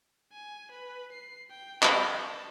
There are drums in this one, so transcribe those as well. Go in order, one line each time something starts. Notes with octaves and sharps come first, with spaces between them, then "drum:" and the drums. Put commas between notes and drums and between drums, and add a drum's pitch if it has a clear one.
G#5
B4
C7
G5
G6, drum: clap
A5